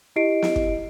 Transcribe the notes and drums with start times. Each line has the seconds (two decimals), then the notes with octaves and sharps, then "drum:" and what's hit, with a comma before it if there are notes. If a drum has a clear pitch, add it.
0.16 E4 G4 D#5 C7 D7
0.42 drum: snare
0.56 drum: kick